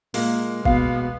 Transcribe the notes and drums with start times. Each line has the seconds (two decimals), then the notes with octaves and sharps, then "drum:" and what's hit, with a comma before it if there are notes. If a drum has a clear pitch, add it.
0.14 A#2 G#3 A#3, drum: open hi-hat
0.65 B2 B3 F5, drum: kick